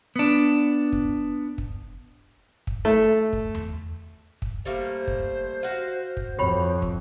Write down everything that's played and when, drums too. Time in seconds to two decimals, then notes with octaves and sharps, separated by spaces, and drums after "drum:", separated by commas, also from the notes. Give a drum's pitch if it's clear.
0.16 B3 D4
0.93 drum: kick
1.58 drum: kick
2.67 drum: kick
2.85 A3
3.33 drum: kick
3.55 drum: tom E2
4.42 drum: kick
4.65 G3 A3 A#3 C5
5.08 drum: kick
5.63 F#4 F5
6.17 drum: kick
6.39 F2 G4 C#5 B5
6.82 drum: kick